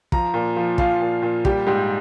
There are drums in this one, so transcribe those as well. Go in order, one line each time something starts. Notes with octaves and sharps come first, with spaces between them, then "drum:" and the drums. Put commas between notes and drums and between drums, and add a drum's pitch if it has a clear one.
F3 A#5, drum: kick
A#2
F3
F3 F5, drum: kick
A#2
A#2
G3 G4, drum: kick
G#2 G4